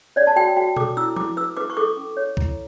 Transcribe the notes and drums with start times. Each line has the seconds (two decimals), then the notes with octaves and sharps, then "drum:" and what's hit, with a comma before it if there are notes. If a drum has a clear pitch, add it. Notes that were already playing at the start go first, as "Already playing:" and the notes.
0.16 C#5 D5
0.27 A5
0.36 F#4 G5
0.56 F#4 G5
0.76 A4 D6, drum: tom B2
0.97 E4 E6
1.16 E4 D6, drum: tom F3
1.37 B4 E6
1.57 B4 D6
1.70 C#6
1.77 A4 D6
1.97 C#4
2.17 C#5
2.37 E4, drum: kick C2